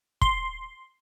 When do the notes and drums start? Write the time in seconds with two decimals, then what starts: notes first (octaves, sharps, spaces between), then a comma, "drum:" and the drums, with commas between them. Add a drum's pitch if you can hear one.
0.22 C6, drum: kick